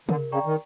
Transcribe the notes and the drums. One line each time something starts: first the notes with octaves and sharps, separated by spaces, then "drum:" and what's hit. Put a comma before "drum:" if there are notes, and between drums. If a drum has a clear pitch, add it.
D3 A#4, drum: tom
C#3 D5 G5 A#5 C#6
D#3